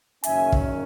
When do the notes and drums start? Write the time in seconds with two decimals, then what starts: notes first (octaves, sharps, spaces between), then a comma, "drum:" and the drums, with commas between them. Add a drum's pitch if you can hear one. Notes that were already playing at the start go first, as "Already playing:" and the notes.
0.24 F#1 F#2 D#3 A#3 C#4 E5 G#5, drum: hi-hat
0.52 drum: kick